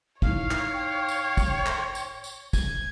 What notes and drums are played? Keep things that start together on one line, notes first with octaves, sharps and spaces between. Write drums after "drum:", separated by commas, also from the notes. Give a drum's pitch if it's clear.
A2 D#4 C#5 F5, drum: kick
drum: clap
G5
drum: tambourine
drum: kick, tambourine
drum: clap
drum: tambourine
drum: tambourine
G#6, drum: kick, tambourine